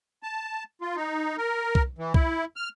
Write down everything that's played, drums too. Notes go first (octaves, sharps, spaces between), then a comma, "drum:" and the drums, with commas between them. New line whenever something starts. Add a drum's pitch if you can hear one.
A5
F4
D#4
A#4
drum: kick
E3
E4, drum: kick
F6